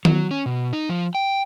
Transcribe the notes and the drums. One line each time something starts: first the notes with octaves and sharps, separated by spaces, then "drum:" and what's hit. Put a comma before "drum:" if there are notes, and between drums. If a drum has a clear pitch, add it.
F#3, drum: tom D#3
C#4
B2
D#4
F3
G5